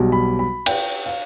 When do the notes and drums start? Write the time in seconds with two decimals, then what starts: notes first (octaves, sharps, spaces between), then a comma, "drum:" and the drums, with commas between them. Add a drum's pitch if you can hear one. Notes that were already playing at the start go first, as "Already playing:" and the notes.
Already playing: B1 B2 G3
0.12 B5
0.39 B5
0.66 G5, drum: cymbal
1.06 F5